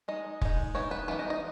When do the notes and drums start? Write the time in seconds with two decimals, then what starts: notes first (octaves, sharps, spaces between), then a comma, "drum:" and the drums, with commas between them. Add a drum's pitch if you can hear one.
0.08 G#3 D#4 D#5
0.41 G#3 D#4, drum: kick
0.75 E3 B3 D#4 C#5
0.91 B4
1.08 E3 B3 D#4 B4
1.19 D#5
1.30 D#5